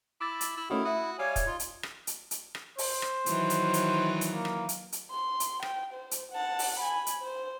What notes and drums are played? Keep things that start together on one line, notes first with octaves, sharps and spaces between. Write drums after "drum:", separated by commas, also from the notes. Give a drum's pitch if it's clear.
E4 D6 E6 A6
drum: hi-hat
E4
D#3 A3 C#4 E4 F#4
F#4 E5 D#6
G3 C#5 F5 G#5
drum: kick, hi-hat
D#4 F4
drum: hi-hat
drum: rim click
drum: hi-hat
drum: hi-hat
drum: rim click
C5, drum: open hi-hat
drum: rim click
D#3 E3 F#3, drum: hi-hat
drum: hi-hat
drum: hi-hat
drum: hi-hat
A#3
drum: rim click
drum: hi-hat
drum: hi-hat
C6
drum: hi-hat
G5, drum: rim click
C5
drum: hi-hat
F#5 A5
drum: open hi-hat
G#5 B5
drum: hi-hat
C5